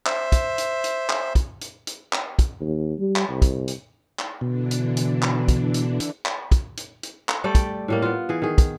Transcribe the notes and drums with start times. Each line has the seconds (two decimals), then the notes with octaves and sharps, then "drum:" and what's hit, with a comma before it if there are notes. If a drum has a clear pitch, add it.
0.06 C5 E5, drum: clap
0.32 drum: kick, hi-hat
0.58 drum: hi-hat
0.84 drum: hi-hat
1.10 drum: clap
1.35 drum: kick, hi-hat
1.61 drum: hi-hat
1.87 drum: hi-hat
2.13 drum: clap
2.39 drum: kick, hi-hat
2.60 D#2
2.99 G3
3.16 drum: clap
3.29 C2
3.42 drum: kick, hi-hat
3.68 drum: hi-hat
4.19 drum: clap
4.41 B2 D3 E3 D4
4.71 drum: hi-hat
4.97 drum: hi-hat
5.22 drum: clap
5.48 drum: kick, hi-hat
5.74 drum: hi-hat
6.00 drum: hi-hat
6.26 drum: clap
6.51 drum: kick, hi-hat
6.77 drum: hi-hat
7.03 drum: hi-hat
7.29 drum: clap
7.44 G3 A3 D5 G5
7.55 drum: kick, hi-hat
7.88 A2 G3 A#3
8.02 B3 F4
8.29 E3 G#4
8.42 D#3 G#4
8.58 drum: kick, hi-hat